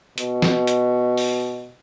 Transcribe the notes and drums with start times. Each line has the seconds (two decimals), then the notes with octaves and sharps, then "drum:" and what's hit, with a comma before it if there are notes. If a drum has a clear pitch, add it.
0.18 B2, drum: hi-hat
0.42 drum: snare
0.67 drum: hi-hat
1.17 drum: open hi-hat